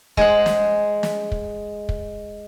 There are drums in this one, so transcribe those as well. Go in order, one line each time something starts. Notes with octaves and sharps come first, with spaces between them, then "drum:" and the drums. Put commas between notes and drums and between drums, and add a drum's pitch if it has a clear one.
G#3 G#4 C5 F#5, drum: kick
drum: snare
drum: snare
drum: kick
drum: kick